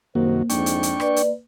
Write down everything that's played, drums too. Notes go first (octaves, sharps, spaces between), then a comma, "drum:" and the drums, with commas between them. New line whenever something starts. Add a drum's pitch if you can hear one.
C2 F#2 D#3 A#3 F#4 C5
F2 G#2 D4 G5 C#6, drum: hi-hat
drum: hi-hat
drum: hi-hat
B4 D5, drum: rim click
drum: hi-hat